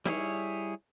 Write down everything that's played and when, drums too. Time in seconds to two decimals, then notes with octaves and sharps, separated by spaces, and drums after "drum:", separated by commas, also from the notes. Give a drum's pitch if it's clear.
0.05 G3 E4 G#4 C#5, drum: snare